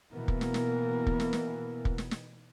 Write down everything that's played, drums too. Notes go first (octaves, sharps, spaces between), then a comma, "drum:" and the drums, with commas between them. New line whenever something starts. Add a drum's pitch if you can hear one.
B2 E3 A#3 B3 A#4
drum: kick
drum: snare
drum: snare
drum: kick
drum: snare
drum: snare
drum: kick
drum: snare
drum: snare